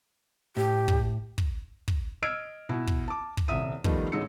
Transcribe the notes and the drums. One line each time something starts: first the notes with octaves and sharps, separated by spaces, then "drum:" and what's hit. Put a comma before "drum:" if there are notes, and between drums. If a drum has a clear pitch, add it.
A2 G4
drum: kick
drum: kick
drum: kick
D#5 E6 F6 G#6 D7
B2 E4
drum: kick
A5 D6
drum: kick
D#1 C2 E5 D#6 D#7
D#3 F3 G3 A3 B3 D#4, drum: kick
A1 G#3 D#4 E6 C#7